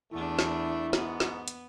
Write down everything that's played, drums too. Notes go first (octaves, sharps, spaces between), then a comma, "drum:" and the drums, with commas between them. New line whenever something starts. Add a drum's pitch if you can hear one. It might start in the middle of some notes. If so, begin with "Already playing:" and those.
E2 A3 D4 E4
drum: snare
G#2 B3, drum: snare
drum: snare
drum: hi-hat